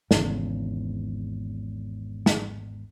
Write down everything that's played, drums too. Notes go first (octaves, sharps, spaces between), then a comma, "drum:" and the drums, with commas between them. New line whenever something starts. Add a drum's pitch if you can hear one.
G#1 E2 C#3, drum: snare
drum: snare